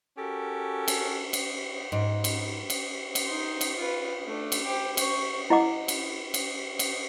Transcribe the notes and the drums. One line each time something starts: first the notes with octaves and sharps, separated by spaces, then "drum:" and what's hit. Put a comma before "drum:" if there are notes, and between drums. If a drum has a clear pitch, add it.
C#4 F#4 G4 A4 A#4
drum: cymbal
drum: cymbal
G#2
drum: cymbal
drum: cymbal
drum: cymbal
D#4 C6
drum: cymbal
F4 B4
A3 D4
drum: cymbal
G4 C5
C5 C#6, drum: cymbal
E4 D#5 F#5 D6
drum: cymbal
drum: cymbal
drum: cymbal